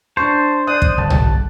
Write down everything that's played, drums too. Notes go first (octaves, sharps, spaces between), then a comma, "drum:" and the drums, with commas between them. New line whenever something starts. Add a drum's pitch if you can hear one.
D4 C5 A5 C#6
D5 D#6 F#6
drum: kick
G1 A5
drum: tom